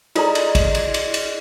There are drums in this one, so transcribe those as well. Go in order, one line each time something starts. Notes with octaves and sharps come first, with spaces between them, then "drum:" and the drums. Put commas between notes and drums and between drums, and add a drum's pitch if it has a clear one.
F4 G#4 A4 D5 D#5 A#5, drum: cymbal
drum: cymbal
drum: kick, cymbal
drum: cymbal
drum: cymbal
drum: cymbal